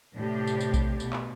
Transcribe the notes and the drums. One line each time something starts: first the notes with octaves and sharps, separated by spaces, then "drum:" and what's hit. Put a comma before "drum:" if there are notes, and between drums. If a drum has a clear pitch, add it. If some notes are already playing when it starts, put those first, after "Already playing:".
A2 C3 D4 G4
drum: tambourine
drum: tambourine
drum: kick A#1, tambourine
B2, drum: tambourine
drum: clap